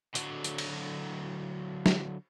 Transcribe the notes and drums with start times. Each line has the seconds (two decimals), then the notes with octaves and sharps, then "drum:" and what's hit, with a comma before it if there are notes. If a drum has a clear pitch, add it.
0.15 D3 F#3, drum: hi-hat
0.44 drum: hi-hat
0.58 drum: cymbal
1.86 drum: snare